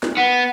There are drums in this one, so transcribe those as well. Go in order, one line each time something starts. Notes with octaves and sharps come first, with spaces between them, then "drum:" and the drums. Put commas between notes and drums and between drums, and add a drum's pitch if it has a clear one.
drum: snare
B3